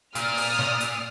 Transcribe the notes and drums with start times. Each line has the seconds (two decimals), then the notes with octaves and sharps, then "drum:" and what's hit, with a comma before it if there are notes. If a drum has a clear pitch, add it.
0.15 A#2 D5 D#6 F6, drum: hi-hat
0.37 drum: open hi-hat
0.59 drum: snare
0.80 drum: hi-hat